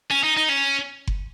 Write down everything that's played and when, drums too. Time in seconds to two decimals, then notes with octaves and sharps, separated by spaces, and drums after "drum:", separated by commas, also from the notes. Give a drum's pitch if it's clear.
0.11 C#4
0.23 D#4
0.37 D#4
0.49 C#4
1.07 drum: kick F#1